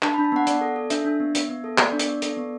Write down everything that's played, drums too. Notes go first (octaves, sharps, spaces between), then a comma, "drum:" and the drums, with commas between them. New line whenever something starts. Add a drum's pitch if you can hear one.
D4 A5, drum: clap
D4 B5
A5
B3 F#5
B3 D5, drum: hi-hat
A4
A4
D4 E5, drum: hi-hat
D4
B3
B3, drum: hi-hat
B3
A4
B3 D5, drum: clap
D4
D5, drum: hi-hat
B3
A4, drum: hi-hat
B3